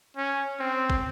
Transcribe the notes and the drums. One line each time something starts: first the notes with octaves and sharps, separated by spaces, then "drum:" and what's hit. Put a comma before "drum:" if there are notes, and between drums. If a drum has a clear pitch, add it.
C#4
C4
drum: kick